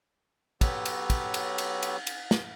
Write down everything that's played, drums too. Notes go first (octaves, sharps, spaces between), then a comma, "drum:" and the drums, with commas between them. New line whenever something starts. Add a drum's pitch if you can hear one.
F#3 B3 G4 A4 B4 C#5, drum: kick, cymbal
drum: cymbal
drum: kick, cymbal
drum: cymbal
drum: cymbal
drum: cymbal
drum: cymbal
drum: snare